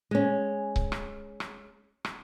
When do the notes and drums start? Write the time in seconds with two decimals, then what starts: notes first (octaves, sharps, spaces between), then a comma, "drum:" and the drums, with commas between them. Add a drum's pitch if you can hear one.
0.11 G#3 C#4
0.76 drum: kick C#1
0.92 drum: rim click
1.40 drum: rim click
2.05 drum: rim click